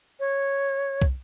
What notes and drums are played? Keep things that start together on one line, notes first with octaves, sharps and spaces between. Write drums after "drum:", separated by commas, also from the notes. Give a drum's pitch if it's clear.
C#5
drum: kick